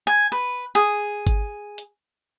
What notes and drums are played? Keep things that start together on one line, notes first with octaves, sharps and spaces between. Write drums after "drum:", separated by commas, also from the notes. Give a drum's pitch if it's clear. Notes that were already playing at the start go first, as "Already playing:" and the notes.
G#5
B4
G#4, drum: hi-hat
drum: kick G#1, hi-hat
drum: hi-hat